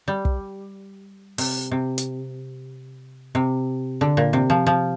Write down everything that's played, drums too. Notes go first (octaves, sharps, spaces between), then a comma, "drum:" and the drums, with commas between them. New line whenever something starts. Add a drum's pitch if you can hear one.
G3
drum: kick
C3, drum: open hi-hat
C3
drum: hi-hat
C3
D3
A#2
C3
F3
F3